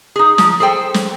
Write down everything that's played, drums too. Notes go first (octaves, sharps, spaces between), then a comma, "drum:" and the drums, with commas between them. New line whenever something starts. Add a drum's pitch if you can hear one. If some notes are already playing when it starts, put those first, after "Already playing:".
D#4 G#4
F3 A#5, drum: snare
G#4 A4 C5 G5
drum: snare